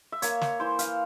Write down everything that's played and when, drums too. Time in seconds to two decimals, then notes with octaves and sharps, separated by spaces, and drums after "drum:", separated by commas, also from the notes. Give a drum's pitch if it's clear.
0.12 E5
0.22 A#3 C#5, drum: hi-hat
0.41 C#5, drum: snare
0.60 E3 C5
0.79 F5, drum: hi-hat